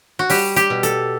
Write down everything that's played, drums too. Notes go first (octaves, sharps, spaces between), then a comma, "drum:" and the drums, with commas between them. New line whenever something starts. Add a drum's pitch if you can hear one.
F#4
G3 G4, drum: open hi-hat
G4, drum: hi-hat
B2
A4, drum: hi-hat